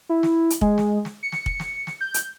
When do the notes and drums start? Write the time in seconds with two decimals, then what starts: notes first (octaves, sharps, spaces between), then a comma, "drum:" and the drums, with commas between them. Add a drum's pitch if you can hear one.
0.09 E4
0.23 drum: snare
0.50 drum: hi-hat
0.61 G#3, drum: kick
0.78 drum: snare
1.05 drum: snare
1.23 C#7
1.32 drum: snare
1.46 drum: kick
1.60 drum: snare
1.87 drum: snare
2.01 G6
2.14 drum: hi-hat